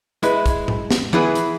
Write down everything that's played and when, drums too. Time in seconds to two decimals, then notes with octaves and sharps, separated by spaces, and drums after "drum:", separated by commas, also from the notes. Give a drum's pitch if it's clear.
0.23 G#3 E4 B4, drum: hi-hat
0.46 drum: kick, hi-hat
0.68 drum: tom A2
0.91 drum: snare
1.13 E3 B3 E4 G#4 B4, drum: tom E3
1.35 drum: hi-hat